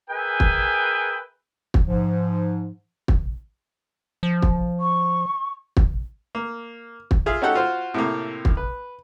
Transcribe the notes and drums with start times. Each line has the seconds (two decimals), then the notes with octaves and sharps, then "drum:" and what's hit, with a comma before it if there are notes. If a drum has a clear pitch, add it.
0.10 G#4 A#4 B4 E5 G5 G#5
0.40 drum: kick
1.74 drum: kick
1.87 G#2 F3
3.08 drum: kick
4.23 F3
4.42 drum: kick
4.80 C#6
5.77 drum: kick
6.35 A#3
7.11 drum: kick
7.26 F4 G#4 E5
7.42 C#4 D#4 F#4 G4 A4 F#5
7.55 F4 F#4 C5
7.94 A2 C3 A#3
8.45 drum: kick
8.57 B4